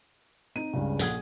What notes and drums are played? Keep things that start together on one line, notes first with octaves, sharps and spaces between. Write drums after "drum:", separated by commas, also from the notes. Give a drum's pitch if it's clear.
C4 D#4 D#7
C#2 G2 C#3
A#1 A4 F#5 D#6 G#6, drum: hi-hat